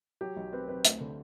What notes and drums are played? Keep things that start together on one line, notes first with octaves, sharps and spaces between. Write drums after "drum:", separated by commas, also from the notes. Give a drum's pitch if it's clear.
F#3 G4
B1
C4 B4
C4 B4
D2, drum: hi-hat
D3